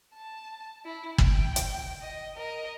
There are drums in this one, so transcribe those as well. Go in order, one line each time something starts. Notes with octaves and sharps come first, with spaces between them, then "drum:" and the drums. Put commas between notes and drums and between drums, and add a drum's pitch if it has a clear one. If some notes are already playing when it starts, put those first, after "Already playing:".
A5
E4
G5, drum: kick
drum: hi-hat
D#5
A#4 D#5